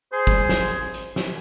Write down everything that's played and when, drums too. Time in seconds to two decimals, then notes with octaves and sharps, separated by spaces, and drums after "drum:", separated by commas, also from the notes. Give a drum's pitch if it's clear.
0.12 G#4 C5
0.27 A#2 G3, drum: kick
0.49 drum: snare
0.94 drum: hi-hat
1.16 drum: snare